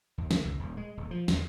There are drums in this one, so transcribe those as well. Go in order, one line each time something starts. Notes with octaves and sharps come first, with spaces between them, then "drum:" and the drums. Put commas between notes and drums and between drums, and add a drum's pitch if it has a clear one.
D#2
D2, drum: snare
C#2
D#1
G#3
D#1
F3
E2, drum: snare